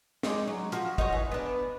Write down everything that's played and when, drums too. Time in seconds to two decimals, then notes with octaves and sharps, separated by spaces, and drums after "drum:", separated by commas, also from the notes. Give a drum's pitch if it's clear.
0.23 G#3 D#4 D5, drum: snare
0.47 F#3
0.72 F3 F#4, drum: hi-hat
0.98 D#4 F#4 C#5, drum: kick
1.12 E3
1.32 B3 D4